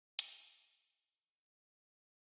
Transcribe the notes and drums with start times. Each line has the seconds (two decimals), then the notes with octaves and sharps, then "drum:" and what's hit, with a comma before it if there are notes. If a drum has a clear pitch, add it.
0.19 F#3, drum: hi-hat
0.33 G3
0.48 D4
0.63 A#3
0.85 D4
1.07 D4
1.95 D#4
2.17 D4